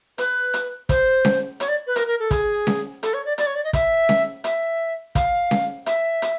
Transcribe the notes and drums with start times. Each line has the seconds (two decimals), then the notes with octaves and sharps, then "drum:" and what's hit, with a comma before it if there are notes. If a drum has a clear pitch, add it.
0.18 B4, drum: hi-hat
0.54 drum: hi-hat
0.89 C5, drum: kick, hi-hat
1.25 drum: snare C#4
1.60 C#5, drum: hi-hat
1.68 D5
1.87 B4
1.96 A#4, drum: hi-hat
2.07 A#4
2.19 A4
2.31 G#4, drum: kick, hi-hat
2.67 drum: snare C#4
3.03 A4, drum: hi-hat
3.14 C#5
3.25 D5
3.38 D5, drum: hi-hat
3.47 C#5
3.55 D5
3.64 D#5
3.73 E5, drum: kick, hi-hat
4.09 drum: snare C#4
4.44 E5, drum: hi-hat
5.15 F5, drum: kick, hi-hat
5.51 drum: snare C#4
5.86 E5, drum: hi-hat
6.22 drum: hi-hat